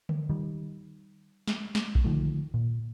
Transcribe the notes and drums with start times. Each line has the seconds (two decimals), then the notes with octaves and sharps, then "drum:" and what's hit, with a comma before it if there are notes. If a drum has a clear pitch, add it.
0.09 drum: tom D3
0.29 D#3 G3
1.48 drum: snare
1.75 drum: snare
1.95 drum: kick A#1
2.04 D3 D#3 F3 A3
2.54 A#2